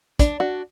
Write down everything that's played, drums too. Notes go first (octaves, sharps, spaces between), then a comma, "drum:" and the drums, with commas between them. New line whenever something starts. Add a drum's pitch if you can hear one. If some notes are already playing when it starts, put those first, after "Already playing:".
D4, drum: kick, hi-hat
D4 F#4